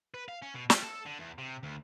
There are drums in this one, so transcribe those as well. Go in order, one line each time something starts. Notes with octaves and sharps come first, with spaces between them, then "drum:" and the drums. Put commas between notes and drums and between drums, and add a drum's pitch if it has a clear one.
B4
F5
C#4
B2
G3, drum: snare
A4
D3
E2
C3
D2